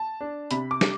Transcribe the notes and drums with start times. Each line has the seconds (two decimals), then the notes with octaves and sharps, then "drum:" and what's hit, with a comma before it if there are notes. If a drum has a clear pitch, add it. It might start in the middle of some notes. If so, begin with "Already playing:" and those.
Already playing: A5
0.21 D4
0.51 C3 B5, drum: hi-hat
0.71 D6
0.81 G3, drum: snare